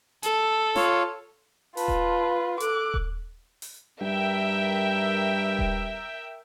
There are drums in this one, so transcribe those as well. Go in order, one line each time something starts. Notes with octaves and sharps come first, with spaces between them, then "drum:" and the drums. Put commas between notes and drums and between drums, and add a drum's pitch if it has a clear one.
A4, drum: hi-hat
F4 C#5, drum: snare
F4 B4 A5, drum: open hi-hat
drum: kick D#1
A4 D6 F#6, drum: hi-hat
drum: kick D#1
drum: open hi-hat
G2 A#4 E5 G5
drum: kick D#1